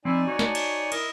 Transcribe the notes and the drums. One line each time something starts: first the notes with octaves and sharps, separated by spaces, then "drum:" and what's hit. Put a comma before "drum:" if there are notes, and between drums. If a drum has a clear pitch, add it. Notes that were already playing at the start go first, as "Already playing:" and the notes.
F3 C4 D#4 E4 D5 G#5
F#4 C#5
F#4 A5, drum: snare
drum: cymbal
E4 A#4 D#5, drum: cymbal